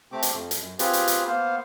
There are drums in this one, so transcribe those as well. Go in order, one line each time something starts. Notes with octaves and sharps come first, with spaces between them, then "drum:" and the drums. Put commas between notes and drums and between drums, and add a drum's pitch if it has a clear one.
C3 A3 C4 G4 D6
drum: hi-hat
F2
drum: hi-hat
F#2
C4 F4 G4 G#4 B4, drum: hi-hat
drum: hi-hat
drum: hi-hat
A#3 B3 C5 F5